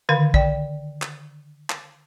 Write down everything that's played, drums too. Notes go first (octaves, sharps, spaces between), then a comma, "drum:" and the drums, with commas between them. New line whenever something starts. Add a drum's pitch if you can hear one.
D3 D#3 A#4 F5
D5 G5, drum: kick
drum: clap
drum: clap